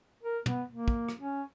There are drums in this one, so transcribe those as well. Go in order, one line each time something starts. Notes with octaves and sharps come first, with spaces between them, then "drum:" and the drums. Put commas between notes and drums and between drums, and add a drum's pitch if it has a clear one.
A#4
B3, drum: tom
A#3
drum: kick
drum: rim click
C#4